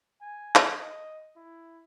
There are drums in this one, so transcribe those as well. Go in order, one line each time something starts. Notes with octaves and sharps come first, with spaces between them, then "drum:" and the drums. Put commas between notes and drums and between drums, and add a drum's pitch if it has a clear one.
G#5
drum: clap
D#5
E4